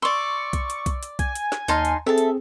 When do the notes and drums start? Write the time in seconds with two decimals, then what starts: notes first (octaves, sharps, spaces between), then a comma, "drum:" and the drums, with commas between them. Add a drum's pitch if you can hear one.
0.02 D5 C6 C#6 E6
0.53 drum: kick B1, hi-hat
0.70 drum: hi-hat
0.86 drum: kick B1, hi-hat
1.03 drum: hi-hat
1.19 G#5, drum: kick B1, hi-hat
1.35 drum: hi-hat
1.52 drum: snare
1.68 D#2 D#4 A5 C6 F6, drum: hi-hat
1.85 drum: hi-hat
2.06 C4 G#4 A4 E5 A5
2.18 drum: hi-hat